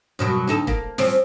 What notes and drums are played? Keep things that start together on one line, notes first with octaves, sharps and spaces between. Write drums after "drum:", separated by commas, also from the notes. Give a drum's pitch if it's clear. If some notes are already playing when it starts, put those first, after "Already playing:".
F#2 B2 F#3
D2 D#4 A4
A#3, drum: kick E1
F3 C4 C#4, drum: snare